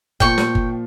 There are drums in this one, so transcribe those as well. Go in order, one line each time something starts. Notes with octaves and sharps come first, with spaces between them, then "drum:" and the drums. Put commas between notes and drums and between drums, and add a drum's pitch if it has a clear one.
A#2 F3 G5 C#6, drum: kick G1
drum: snare
drum: kick G1